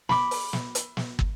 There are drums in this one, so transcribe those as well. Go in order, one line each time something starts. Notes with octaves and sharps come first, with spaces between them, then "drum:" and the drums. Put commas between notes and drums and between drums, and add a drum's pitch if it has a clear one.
B5 D6, drum: snare
drum: open hi-hat
drum: snare
drum: hi-hat
drum: snare
drum: kick